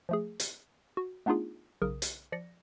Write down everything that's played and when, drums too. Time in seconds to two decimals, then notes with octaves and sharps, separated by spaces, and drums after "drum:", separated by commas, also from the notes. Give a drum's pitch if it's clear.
0.09 F3 A3 G#4
0.40 drum: hi-hat
0.97 F#4
1.26 A3 B3 D4 D#4 F4 G#4
1.82 B1 C#3 A#4 D#6
2.02 drum: hi-hat
2.32 F3 D5 A#6 C#7